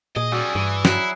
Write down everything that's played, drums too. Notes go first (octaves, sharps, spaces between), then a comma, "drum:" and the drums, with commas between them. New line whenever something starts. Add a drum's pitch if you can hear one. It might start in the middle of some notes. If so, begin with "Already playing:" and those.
A#2 G#4 D#5 D#6 D#7
G3 C#4 F#4 D5 G#5 E6
G2 E3
F#3 E4 F#6 C7, drum: snare